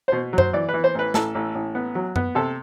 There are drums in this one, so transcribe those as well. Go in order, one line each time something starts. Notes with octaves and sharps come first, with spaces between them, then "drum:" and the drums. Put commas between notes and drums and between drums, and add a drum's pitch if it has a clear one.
B2 C5
F#3
C5, drum: tom F#2
E3 D5
B4
E3
C5
A1 B4
A1 A4, drum: snare
A1
A1
B3
F#3
B3, drum: tom F#2
C3 A4